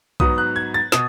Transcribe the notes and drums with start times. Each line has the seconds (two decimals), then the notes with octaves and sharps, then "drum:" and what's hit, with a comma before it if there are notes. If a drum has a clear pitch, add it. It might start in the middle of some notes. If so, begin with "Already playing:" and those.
0.20 G#2 F#3 B3 D#4 D#6, drum: kick B1
0.38 F#6
0.56 G#6
0.74 A6
0.92 B2 D#6, drum: snare